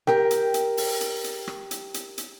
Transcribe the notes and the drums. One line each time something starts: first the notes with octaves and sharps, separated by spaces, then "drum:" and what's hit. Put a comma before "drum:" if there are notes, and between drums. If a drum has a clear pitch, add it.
G4 A#4 G5, drum: rim click
drum: hi-hat
drum: hi-hat
drum: open hi-hat
drum: hi-hat
drum: hi-hat
drum: rim click
drum: hi-hat
drum: hi-hat
drum: hi-hat